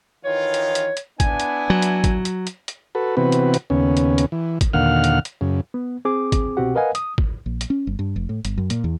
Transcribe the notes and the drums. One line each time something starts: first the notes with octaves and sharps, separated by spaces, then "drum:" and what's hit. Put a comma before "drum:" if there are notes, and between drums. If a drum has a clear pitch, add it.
D#3 E3 F4 C#5
drum: hi-hat
drum: hi-hat
drum: hi-hat
B3 D4 E4 G#5, drum: kick, hi-hat
drum: hi-hat
F#3
drum: hi-hat
drum: kick, hi-hat
drum: hi-hat
drum: hi-hat
drum: hi-hat
F#4 A4 B4
C3 E3 B3 C4 F#4 B4
drum: hi-hat
drum: hi-hat
D#2 C#3 B3 C#4
drum: hi-hat
drum: hi-hat
E3
drum: kick, hi-hat
D#2 A#2 D3 F5 F#5 F6
drum: hi-hat
drum: hi-hat
F#2 C#3
B3
C4 G#4 D6
drum: kick, hi-hat
C2 B2 C4 F#4 G4 F#5
A#4 B4 D#5 F5 F#5 G#5
D#6, drum: hi-hat
drum: kick
A#1
drum: hi-hat
C#4
G1
G2
F1
A2
G1, drum: hi-hat
F#2
A#2, drum: hi-hat
E2